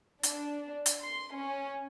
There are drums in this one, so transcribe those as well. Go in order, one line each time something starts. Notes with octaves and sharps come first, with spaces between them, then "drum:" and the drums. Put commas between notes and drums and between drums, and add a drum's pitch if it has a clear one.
D4, drum: hi-hat
drum: hi-hat
C6
C#4